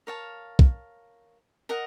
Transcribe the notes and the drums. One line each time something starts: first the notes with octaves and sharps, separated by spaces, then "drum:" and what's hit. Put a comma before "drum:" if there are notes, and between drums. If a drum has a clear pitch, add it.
A#4 C#5 F5 A5
drum: kick
A#4 D#5 F#5 A#5